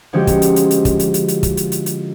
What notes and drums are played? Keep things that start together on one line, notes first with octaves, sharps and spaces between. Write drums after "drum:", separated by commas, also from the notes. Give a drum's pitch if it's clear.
D3 F3 G#3 C#4 F#4 G4
drum: kick, hi-hat
drum: hi-hat
drum: hi-hat
drum: hi-hat
drum: kick, hi-hat
drum: hi-hat
drum: hi-hat
drum: hi-hat
drum: kick, hi-hat
drum: hi-hat
drum: hi-hat
drum: hi-hat